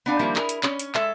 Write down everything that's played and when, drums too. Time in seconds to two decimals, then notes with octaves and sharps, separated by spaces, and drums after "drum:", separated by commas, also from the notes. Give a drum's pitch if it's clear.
0.06 B3 D4 F5 G#5
0.19 D#3 F3 G3 A#3 E4
0.36 E4 G#4 A#4, drum: clap
0.49 drum: hi-hat
0.63 C#4, drum: clap
0.79 drum: hi-hat
0.95 G#3 A4 E5, drum: clap